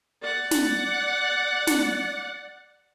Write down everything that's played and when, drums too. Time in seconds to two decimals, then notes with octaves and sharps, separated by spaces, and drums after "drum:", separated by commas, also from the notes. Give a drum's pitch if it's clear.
0.22 D5 F#5
0.51 drum: snare
1.67 drum: snare